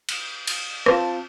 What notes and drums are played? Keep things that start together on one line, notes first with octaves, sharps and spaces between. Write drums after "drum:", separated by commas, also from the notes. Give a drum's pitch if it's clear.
drum: cymbal
drum: cymbal
C4 F4 A5, drum: rim click